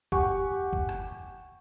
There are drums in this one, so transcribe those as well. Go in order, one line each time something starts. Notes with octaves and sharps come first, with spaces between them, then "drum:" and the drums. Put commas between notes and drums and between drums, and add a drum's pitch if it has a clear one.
G4 F#5 G#5 C#6, drum: kick F#1
drum: kick F#1
drum: rim click